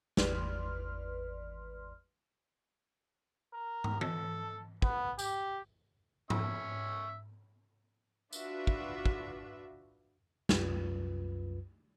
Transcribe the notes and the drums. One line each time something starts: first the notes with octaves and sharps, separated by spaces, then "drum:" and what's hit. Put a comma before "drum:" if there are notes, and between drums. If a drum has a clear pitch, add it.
G#1 E2 B4 D5 C6 F6, drum: snare
A#4
drum: tom
A4, drum: tom E3
B3, drum: kick
G4, drum: tambourine
C#4 E5, drum: tom G#2
D4 F4 F#4 B4 E5, drum: tambourine
drum: kick
drum: kick
C2 F#2 F4 B4, drum: snare